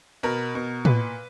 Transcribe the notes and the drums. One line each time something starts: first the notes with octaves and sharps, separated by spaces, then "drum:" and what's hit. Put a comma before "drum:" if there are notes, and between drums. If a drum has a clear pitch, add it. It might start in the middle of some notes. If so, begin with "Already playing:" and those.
B2 A#4
B2
A#2 B4, drum: tom